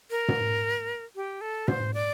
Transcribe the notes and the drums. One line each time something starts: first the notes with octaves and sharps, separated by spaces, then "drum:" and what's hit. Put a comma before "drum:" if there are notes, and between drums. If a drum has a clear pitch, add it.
A#4
drum: tom
G4
A4
C5, drum: tom
D5